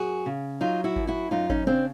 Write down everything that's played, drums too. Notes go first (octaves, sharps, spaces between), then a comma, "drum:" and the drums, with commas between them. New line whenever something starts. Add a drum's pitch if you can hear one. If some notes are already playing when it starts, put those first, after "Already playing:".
Already playing: F#2 F#4 G#4
C#3
F#3 D#4 F4
E4 F#4
F#2, drum: kick G#1
E4 F#4
F#2 D#4 F4
C#4 D#4, drum: kick G#1
C#3 C4 D4